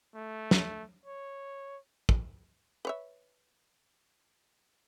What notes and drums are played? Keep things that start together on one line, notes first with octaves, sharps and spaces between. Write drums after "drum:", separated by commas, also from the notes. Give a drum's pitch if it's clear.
A3
drum: snare
C#5
drum: kick
B4 C#5 E5